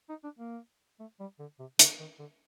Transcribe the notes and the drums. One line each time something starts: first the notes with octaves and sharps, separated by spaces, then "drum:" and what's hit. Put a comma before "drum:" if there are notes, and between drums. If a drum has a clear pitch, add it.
D#4
D4
A#3
A3
G3
D3
C3
D3, drum: hi-hat
D#3
D3